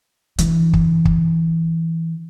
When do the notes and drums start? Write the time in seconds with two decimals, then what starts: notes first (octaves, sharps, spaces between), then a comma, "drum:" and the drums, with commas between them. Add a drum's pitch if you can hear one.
0.38 D3 E3, drum: hi-hat
0.73 drum: kick
1.05 drum: kick